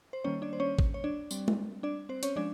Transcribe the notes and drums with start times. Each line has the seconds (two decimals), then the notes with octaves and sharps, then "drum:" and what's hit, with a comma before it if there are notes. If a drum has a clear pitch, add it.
0.13 C5
0.24 D#3 G3 A#3 C#4 C#5
0.42 D4 D5
0.53 C5
0.60 C#4 C#5
0.79 drum: kick
0.94 C#5
1.04 D4 D5
1.31 G3 C4, drum: tambourine
1.48 drum: tom G#3
1.83 D4 D5
2.09 C4 C5
2.23 C#4 C#5, drum: hi-hat
2.36 F3 G#3 C#4 D4 D5